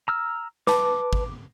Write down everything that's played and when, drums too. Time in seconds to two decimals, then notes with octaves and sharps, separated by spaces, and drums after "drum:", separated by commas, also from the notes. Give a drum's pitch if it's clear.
0.08 A#5 E6 F6
0.67 B4 A5 D6, drum: snare
1.13 drum: kick